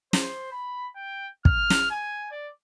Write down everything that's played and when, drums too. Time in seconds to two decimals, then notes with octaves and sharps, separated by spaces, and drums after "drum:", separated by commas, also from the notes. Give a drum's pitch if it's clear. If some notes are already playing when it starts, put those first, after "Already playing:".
0.13 C5, drum: snare
0.52 B5
0.96 G5
1.45 F6, drum: kick
1.70 drum: snare
1.91 G#5
2.31 D5